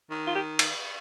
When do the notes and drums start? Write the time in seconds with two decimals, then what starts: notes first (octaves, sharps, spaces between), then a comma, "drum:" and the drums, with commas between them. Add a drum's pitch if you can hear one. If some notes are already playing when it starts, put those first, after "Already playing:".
0.10 D#3
0.27 F4
0.35 G4
0.59 drum: cymbal